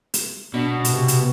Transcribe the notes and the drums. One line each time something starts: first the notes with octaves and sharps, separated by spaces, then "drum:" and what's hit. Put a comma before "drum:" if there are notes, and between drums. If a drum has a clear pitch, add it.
drum: hi-hat
B2 D4
C3, drum: hi-hat
drum: hi-hat